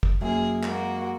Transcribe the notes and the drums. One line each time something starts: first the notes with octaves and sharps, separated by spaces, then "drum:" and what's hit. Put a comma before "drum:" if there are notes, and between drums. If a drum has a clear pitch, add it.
drum: kick
F#2 A#3 G#4
G#3 A#3 F#4, drum: clap